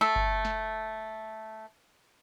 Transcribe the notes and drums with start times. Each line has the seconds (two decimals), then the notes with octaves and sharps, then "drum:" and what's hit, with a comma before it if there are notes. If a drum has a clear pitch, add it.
0.01 A3 A4, drum: snare
0.16 drum: kick G1
0.45 drum: snare